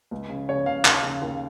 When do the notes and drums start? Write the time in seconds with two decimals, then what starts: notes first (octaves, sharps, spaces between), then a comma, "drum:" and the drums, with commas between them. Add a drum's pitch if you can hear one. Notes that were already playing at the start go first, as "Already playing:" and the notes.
0.11 C#2
0.29 C#3
0.49 C#3 C#5
0.66 C#3 F5
0.85 D#2 F5, drum: clap
1.03 C#3
1.22 D#2